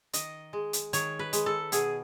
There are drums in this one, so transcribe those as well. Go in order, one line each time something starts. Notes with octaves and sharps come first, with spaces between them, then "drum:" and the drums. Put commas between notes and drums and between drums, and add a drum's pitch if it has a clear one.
D#3 D#5, drum: hi-hat
G#3
drum: hi-hat
D#3 C#5, drum: hi-hat
B4
G#3, drum: hi-hat
A4
B2 G#4, drum: hi-hat